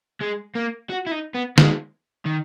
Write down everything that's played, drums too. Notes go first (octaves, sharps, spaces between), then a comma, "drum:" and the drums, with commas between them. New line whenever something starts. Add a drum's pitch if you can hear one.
G#3
A#3
F#4
E4
D#4
B3
G#3, drum: snare
D#3